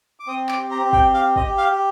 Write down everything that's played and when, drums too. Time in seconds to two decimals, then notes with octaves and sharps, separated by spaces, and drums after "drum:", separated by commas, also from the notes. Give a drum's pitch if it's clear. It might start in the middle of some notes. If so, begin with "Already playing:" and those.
0.20 D6
0.27 C4 D#6
0.49 D6, drum: clap
0.57 G4
0.71 A#5
0.85 C4
0.93 G5, drum: kick
1.14 G4 F5
1.36 D#5, drum: kick
1.43 G4
1.58 F5
1.72 G4